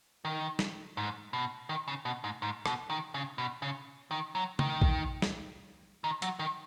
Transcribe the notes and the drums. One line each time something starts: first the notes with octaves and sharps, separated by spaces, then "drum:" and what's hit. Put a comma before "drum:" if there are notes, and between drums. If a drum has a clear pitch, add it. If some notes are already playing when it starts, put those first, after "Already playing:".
D#3
drum: snare
G#2
B2
D#3
C#3
B2
G#2
G#2
B2, drum: rim click
D#3
C#3
B2
C#3
D#3
F#3
D#3, drum: tom
drum: kick
drum: snare
D#3
F#3, drum: hi-hat
D#3